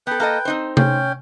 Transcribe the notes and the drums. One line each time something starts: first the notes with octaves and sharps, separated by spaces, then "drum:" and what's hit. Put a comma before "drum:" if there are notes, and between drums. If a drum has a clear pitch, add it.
B3 A4 B4 G5
A#3 A4 D#5
C4 D#4 C5
C#4 G5, drum: tom C3